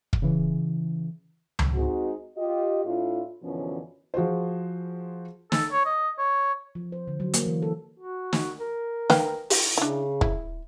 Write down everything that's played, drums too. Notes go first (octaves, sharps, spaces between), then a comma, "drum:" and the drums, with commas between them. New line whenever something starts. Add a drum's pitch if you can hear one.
drum: kick
C#3 E3
drum: tom C#2
G#3 C4 D#4 F#4
F4 G4 D#5
A2 D4 E4 F4
F#2 B2 D3 E3 F3 C#4
F3 F#4 G#4 C5
A4, drum: snare
C#5
D#5
C#5
F3
C5
D3
F#3
A#3, drum: hi-hat
E3
A4
F#4
drum: snare
A#4
B4 F5 G5, drum: snare
drum: open hi-hat
C#3 D4 E4
E4, drum: kick